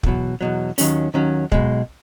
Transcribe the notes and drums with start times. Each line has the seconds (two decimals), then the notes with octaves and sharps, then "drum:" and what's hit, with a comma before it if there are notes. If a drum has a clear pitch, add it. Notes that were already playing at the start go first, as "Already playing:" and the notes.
0.03 E2 B2 F#3, drum: kick
0.41 E2 B2 F#3
0.78 D#2 D#3 F#3 C#4, drum: open hi-hat
1.14 D#2 D#3 F#3 C#4
1.52 B1 B2 G#3, drum: kick